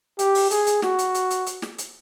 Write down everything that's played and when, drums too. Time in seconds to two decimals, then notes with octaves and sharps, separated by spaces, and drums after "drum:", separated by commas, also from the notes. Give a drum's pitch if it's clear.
0.19 G4, drum: hi-hat
0.35 drum: open hi-hat
0.51 G#4, drum: hi-hat
0.67 drum: hi-hat
0.82 F#4, drum: snare
0.99 drum: hi-hat
1.15 drum: hi-hat
1.30 drum: hi-hat
1.46 drum: hi-hat
1.62 drum: snare
1.78 drum: hi-hat